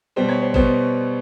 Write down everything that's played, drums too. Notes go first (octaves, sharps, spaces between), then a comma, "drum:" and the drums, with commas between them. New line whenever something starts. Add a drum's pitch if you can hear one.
B2 G3 B3 C5
C#5
C5
B2 G3 B3 C5, drum: kick